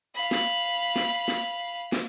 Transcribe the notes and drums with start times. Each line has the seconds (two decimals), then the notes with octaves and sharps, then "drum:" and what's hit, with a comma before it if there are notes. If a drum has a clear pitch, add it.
0.15 F5 B5
0.31 drum: snare
0.96 drum: snare
1.28 drum: snare
1.92 drum: snare